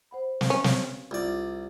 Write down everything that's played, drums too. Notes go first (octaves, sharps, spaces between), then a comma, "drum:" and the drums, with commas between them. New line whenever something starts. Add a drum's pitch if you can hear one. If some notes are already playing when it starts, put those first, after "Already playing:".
C5 F#5 B5
drum: snare
C#4
drum: snare
C2 F4 D5